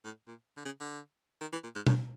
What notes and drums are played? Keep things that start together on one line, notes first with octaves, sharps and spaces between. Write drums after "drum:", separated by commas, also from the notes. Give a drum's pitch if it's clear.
A2
A#2
D3
C#3
D3
D#3
E3
A#2
G#2
A2, drum: tom